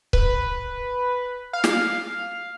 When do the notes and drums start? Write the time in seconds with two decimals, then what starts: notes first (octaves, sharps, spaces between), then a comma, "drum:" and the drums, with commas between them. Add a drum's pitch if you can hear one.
0.13 B4, drum: kick C#1
1.53 F5
1.64 drum: snare